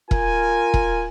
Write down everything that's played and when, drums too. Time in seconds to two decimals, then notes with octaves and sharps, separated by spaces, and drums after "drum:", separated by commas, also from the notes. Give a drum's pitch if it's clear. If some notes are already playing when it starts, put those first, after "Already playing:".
0.11 F4 A#4 G#5, drum: kick E1
0.74 drum: kick E1